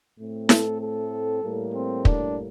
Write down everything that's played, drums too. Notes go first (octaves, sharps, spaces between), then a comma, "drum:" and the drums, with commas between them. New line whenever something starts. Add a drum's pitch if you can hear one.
A2 A3 C4
A4, drum: snare E4
A4
A2 G3 A#3
C4
D4, drum: kick